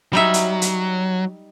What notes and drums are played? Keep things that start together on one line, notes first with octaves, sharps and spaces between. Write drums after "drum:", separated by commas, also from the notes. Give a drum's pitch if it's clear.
F#3 G3 D#4 E5
drum: hi-hat
drum: hi-hat